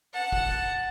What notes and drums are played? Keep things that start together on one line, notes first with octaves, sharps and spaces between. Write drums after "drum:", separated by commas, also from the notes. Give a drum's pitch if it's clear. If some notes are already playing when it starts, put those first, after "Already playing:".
F#5 A5
drum: kick